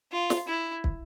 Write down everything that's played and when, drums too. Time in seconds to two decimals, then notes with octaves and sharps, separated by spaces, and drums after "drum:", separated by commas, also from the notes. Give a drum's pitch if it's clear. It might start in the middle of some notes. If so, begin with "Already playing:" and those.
0.12 F4
0.30 drum: snare
0.48 E4
0.84 drum: kick